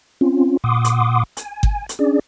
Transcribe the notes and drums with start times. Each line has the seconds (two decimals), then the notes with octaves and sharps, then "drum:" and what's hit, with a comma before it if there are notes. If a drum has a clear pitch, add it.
0.21 C4 C#4 F4
0.64 A#2 F#5 C6 D6 D#6
0.85 drum: hi-hat
1.37 G#5, drum: hi-hat
1.63 drum: kick G1
1.89 drum: hi-hat
1.99 C#4 D4 G#4 D5